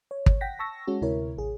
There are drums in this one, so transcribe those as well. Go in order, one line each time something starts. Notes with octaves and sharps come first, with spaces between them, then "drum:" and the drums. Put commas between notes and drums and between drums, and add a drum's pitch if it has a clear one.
C#5
drum: kick
F#5 G5 A#6 B6
A5 C#6 E6 A#6
G#3 C#4 F#4
D2 C3 E4 A#4 C#5
A1 G#4